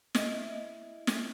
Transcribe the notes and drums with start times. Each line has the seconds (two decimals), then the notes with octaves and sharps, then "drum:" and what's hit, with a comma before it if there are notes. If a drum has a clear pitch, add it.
0.15 E4 D#5, drum: snare
1.07 drum: snare